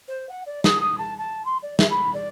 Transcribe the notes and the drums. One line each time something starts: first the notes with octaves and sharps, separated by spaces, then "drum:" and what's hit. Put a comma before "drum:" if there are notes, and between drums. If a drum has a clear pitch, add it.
C5
F#5
D5
D#6, drum: snare
D#6
A5
A5
C6
D5
E5, drum: snare
B5
D5